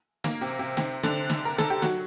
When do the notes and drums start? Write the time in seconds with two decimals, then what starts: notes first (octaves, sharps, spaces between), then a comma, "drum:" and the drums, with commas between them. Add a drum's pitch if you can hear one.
0.24 A#3, drum: snare
0.41 C3 C4
0.59 C3 C4
0.77 C3 C4, drum: snare
1.03 D3 D4, drum: snare
1.30 drum: snare
1.45 A#4
1.58 A4, drum: snare
1.70 G4
1.82 F#3 F#4, drum: snare